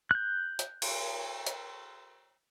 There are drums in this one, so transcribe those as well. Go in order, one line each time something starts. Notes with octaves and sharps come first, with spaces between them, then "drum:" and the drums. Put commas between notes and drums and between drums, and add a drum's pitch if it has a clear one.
F#6 G6
drum: hi-hat
drum: cymbal
drum: hi-hat